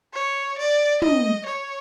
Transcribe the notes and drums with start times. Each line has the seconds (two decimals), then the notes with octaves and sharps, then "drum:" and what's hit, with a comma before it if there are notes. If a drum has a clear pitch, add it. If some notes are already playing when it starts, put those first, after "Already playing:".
0.14 C#5
0.58 D5
1.02 D#5, drum: tom
1.46 C#5